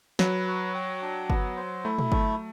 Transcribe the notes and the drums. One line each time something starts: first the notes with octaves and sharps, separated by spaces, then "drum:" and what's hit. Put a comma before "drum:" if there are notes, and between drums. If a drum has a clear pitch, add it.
F#3 B4, drum: snare
F#4
G5
D4
B3, drum: kick G1
C5
A3 E4
drum: tom A#2
A3, drum: kick G1